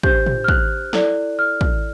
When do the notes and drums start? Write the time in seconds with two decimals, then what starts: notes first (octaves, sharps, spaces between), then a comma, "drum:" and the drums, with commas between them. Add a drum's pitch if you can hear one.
0.03 D4 G4 C5 G6, drum: kick
0.26 drum: tom
0.44 F6
0.48 F#6, drum: kick
0.93 E4 A4 D5, drum: snare
1.39 F6
1.61 drum: kick